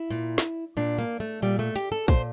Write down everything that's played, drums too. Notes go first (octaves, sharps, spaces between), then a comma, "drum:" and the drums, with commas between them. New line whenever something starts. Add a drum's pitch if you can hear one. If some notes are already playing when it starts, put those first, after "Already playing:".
Already playing: E4
A#2
drum: snare
A#2 D4
A#3
A3
A#2 G3
A3
G4, drum: hi-hat
A4
A#2 C5, drum: kick